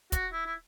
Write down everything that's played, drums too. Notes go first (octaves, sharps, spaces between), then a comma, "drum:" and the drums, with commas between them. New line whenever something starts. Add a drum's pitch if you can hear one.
F#4, drum: kick, hi-hat
E4
E4